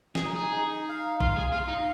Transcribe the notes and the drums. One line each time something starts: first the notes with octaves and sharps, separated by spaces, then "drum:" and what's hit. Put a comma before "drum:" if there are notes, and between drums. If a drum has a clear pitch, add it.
G#4, drum: snare
D#4
G#4
D#4
F5
F4 F5, drum: kick
G#4
F4 F5
D#4